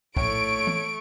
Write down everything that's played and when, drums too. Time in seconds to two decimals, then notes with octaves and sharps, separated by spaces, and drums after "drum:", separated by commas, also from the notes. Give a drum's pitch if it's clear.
0.17 A#1 A2 A3 C#5 C#6 D7, drum: kick
0.67 drum: tom E3